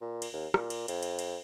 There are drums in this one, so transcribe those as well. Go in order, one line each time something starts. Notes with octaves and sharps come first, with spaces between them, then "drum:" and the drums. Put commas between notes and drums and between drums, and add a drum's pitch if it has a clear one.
A#2
drum: cymbal
D#2
A#2, drum: rim click
drum: cymbal
F2, drum: cymbal
drum: cymbal
drum: cymbal